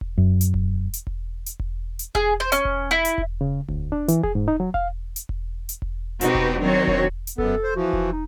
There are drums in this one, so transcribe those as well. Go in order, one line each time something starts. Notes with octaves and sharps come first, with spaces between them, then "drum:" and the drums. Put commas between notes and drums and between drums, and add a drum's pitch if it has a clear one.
drum: kick E1
F#2
drum: hi-hat
drum: kick E1
drum: hi-hat
drum: kick E1
drum: hi-hat
drum: kick E1
drum: hi-hat
G#4, drum: kick E1
C5
C#4, drum: hi-hat
drum: kick E1
E4
drum: hi-hat
drum: kick E1
C#3
D2, drum: kick E1
D4
E3, drum: hi-hat
G#4, drum: kick E1
G#2
D#4
F#3
F5, drum: kick E1
drum: hi-hat
drum: kick E1
drum: hi-hat
drum: kick E1
B2 C4 D#4 F#4 G4 B4, drum: hi-hat
drum: kick E1
D#3 F#3 C4 D4 F#4 C#5
drum: kick E1
drum: hi-hat
F#2 B3 A4, drum: kick E1
C5
E3 F3 F#4
drum: kick E1
D#4